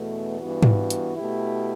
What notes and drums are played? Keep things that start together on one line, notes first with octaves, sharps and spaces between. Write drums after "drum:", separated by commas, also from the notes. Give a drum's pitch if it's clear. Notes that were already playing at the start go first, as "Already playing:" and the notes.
Already playing: E2 B2 A3
G2 E3 B3 F#4
drum: tom G#2
drum: hi-hat
B2 A3 E4 G4